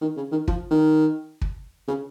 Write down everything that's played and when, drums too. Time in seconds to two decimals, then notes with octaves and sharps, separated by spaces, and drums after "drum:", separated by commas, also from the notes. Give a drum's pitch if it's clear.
0.01 D#3
0.17 C#3
0.31 D#3
0.48 F3, drum: kick
0.71 D#3
1.41 drum: kick
1.88 C#3